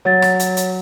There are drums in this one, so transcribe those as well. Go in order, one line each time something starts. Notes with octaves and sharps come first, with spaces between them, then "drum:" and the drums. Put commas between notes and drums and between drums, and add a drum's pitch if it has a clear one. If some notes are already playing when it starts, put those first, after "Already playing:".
F#3 C#5 A6
drum: rim click
drum: hi-hat
drum: hi-hat